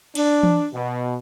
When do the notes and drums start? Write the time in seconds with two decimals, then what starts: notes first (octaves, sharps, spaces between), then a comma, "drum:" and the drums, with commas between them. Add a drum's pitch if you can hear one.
0.15 D4, drum: cymbal
0.43 drum: tom E3
0.73 B2